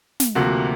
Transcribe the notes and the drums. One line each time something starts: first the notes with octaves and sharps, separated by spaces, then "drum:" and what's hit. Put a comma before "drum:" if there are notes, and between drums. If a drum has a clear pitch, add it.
drum: snare
D2 C3 F3 A#3 F#4